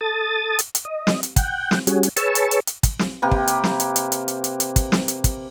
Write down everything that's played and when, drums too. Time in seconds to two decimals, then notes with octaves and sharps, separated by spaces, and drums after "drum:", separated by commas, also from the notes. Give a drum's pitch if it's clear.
0.01 A4 A5 D#6 A6
0.59 drum: hi-hat
0.75 drum: hi-hat
0.85 D#5
1.07 drum: snare
1.23 drum: hi-hat
1.36 F#5 G5, drum: kick, hi-hat
1.71 drum: snare
1.87 G3 C#4 F#4 G#4, drum: hi-hat
2.03 drum: hi-hat
2.16 G#4 B4 C#5 A5 C#6 E6, drum: hi-hat
2.35 drum: hi-hat
2.51 drum: hi-hat
2.67 drum: hi-hat
2.83 drum: kick, hi-hat
2.99 drum: snare
3.22 C3 A#3 G4 B4
3.31 drum: kick
3.48 drum: hi-hat
3.64 drum: snare
3.80 drum: hi-hat
3.96 drum: hi-hat
4.12 drum: hi-hat
4.28 drum: hi-hat
4.44 drum: hi-hat
4.60 drum: hi-hat
4.76 drum: kick, hi-hat
4.92 drum: snare
5.08 drum: hi-hat
5.24 drum: kick, hi-hat